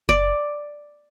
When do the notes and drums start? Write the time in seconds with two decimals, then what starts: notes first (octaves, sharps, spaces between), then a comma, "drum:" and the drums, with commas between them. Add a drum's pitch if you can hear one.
0.09 D5, drum: kick F#1